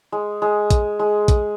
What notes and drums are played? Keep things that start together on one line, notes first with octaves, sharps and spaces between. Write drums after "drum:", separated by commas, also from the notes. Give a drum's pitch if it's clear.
G#3
G#3
drum: kick, hi-hat
G#3
drum: kick, hi-hat